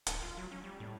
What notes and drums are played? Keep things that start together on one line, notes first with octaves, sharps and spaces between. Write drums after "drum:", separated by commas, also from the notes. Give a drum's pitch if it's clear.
D1, drum: hi-hat
F4
F#3
C#4
G3
A2